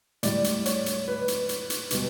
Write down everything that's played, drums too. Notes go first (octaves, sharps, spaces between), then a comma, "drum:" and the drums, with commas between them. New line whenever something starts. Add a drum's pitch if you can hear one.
A2 G3 D5, drum: hi-hat
drum: hi-hat
C#5, drum: hi-hat
drum: hi-hat
B4
drum: hi-hat
drum: hi-hat
drum: hi-hat
B2 G3 B4, drum: hi-hat